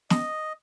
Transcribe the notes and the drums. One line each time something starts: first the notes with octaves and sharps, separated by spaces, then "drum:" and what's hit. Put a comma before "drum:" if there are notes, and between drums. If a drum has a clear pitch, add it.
D#5, drum: snare